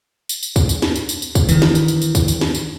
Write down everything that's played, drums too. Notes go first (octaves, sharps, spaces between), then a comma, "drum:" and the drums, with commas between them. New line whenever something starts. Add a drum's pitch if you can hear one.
drum: tambourine
drum: tambourine
drum: kick, tambourine
drum: tambourine
drum: snare
drum: tambourine
drum: tambourine
drum: tambourine
drum: kick, tambourine
D#3 E3, drum: tambourine
drum: snare
drum: tambourine
drum: tambourine
drum: tambourine
drum: kick, tambourine
drum: tambourine
drum: snare
drum: tambourine